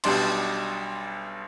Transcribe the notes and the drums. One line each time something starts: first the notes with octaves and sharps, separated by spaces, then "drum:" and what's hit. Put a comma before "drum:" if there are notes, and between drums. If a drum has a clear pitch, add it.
B1 B2 G3 D4 C6, drum: cymbal